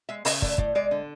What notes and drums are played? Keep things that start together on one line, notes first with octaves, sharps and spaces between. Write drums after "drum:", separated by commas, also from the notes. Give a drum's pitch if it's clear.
G#3 E5
C#3 D#5, drum: open hi-hat
A3 D5, drum: kick
A2 D5, drum: kick
G#3 D5
D3